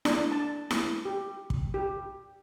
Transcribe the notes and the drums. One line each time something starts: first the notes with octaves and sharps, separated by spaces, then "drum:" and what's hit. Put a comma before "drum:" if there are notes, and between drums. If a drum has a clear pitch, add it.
D4, drum: snare E4
A5
drum: snare E4
G4
drum: kick
G4